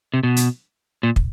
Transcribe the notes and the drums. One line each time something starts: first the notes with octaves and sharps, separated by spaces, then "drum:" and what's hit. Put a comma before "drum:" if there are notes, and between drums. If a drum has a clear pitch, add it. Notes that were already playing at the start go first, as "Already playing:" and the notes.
C3
B2
drum: hi-hat
A#2
drum: kick